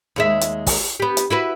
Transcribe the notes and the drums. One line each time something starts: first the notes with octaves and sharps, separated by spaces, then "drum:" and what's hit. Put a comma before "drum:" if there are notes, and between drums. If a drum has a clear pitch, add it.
D#2 G#3 E5
drum: hi-hat
drum: kick, open hi-hat
B3 G4
drum: hi-hat
E4 F#4 B4